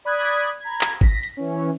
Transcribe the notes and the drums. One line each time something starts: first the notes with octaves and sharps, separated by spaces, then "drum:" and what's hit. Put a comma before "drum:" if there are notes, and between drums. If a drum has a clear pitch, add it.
D5 B5 D#6 F#6 G#6
A#5 B5 G#6
drum: clap
A#6 B6, drum: kick
drum: hi-hat
E3 C#4